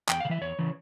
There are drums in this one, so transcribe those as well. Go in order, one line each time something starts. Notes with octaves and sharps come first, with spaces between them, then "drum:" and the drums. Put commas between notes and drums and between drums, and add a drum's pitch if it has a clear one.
E2 G5, drum: clap
C#3 F5
E3 E5
E2 C#5
C#3 E3